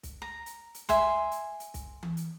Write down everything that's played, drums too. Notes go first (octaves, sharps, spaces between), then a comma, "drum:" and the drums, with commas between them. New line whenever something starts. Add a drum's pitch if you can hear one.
drum: kick, hi-hat
A#5
drum: hi-hat
drum: hi-hat
E5 G#5 C6, drum: kick, hi-hat
drum: hi-hat
drum: hi-hat
drum: kick, hi-hat
drum: tom E3
drum: hi-hat